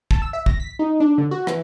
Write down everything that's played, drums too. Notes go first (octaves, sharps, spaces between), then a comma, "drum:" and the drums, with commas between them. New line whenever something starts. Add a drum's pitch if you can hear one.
A5, drum: kick
E6
E5
A#6, drum: kick
B6
D#4
D4
D3
F#4
E3, drum: rim click